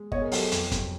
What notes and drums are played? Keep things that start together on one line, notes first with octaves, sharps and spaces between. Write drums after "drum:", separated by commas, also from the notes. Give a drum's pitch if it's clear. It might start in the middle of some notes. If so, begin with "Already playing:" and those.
Already playing: G#3
B2 C#5 D#5, drum: kick G1
G#4 A#4
F#3 G4 A4, drum: open hi-hat
G#4
F2, drum: hi-hat
C3, drum: kick G1, hi-hat